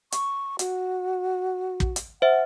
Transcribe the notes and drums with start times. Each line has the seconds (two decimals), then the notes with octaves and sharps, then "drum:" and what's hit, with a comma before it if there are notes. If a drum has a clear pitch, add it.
0.12 C#6, drum: hi-hat
0.59 F#4, drum: hi-hat
1.80 drum: kick
1.96 drum: hi-hat
2.22 C5 E5 F#5